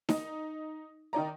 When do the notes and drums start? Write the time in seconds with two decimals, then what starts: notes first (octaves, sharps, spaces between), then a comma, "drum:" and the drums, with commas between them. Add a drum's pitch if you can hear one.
0.09 D#4, drum: snare D#4
1.13 D#3 D#4 D5 A#5